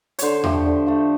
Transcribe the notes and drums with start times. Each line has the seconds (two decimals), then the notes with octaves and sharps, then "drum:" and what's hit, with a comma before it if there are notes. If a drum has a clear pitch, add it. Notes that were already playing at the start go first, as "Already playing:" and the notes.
0.19 D3 C5 C#5, drum: hi-hat
0.43 F3 A3 G4, drum: tom E2
0.66 D3
0.87 F3 A3